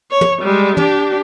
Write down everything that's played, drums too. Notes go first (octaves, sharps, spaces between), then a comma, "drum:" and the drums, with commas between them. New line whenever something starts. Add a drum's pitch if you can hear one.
C#5
drum: tom
G3 G#3
D4 G4, drum: tom